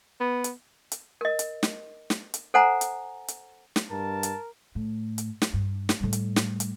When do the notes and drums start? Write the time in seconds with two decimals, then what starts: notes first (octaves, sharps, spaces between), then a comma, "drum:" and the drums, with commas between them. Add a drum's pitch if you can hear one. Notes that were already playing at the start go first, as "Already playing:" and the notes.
0.21 B3
0.44 drum: hi-hat
0.92 drum: hi-hat
1.21 A#4 D#5
1.39 drum: hi-hat
1.63 drum: snare
2.10 drum: snare
2.34 drum: hi-hat
2.54 A4 C5 F#5 G#5 A#5
2.81 drum: hi-hat
3.28 drum: hi-hat
3.76 drum: snare
3.91 G2 A#4 A5
4.23 drum: hi-hat
4.75 A2
5.18 drum: hi-hat
5.42 drum: snare
5.54 G2
5.89 drum: snare
6.00 A2 G3
6.13 drum: hi-hat
6.36 drum: snare
6.60 drum: hi-hat